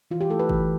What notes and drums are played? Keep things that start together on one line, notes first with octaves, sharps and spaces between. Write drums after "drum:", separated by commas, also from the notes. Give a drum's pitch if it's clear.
E3 F4
G4
A3 E4 A4
B4
E3, drum: kick G1